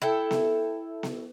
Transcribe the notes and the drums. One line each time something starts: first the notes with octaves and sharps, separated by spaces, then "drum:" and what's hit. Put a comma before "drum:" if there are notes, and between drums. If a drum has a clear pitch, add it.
E4 A4 G5
drum: snare B3
drum: snare B3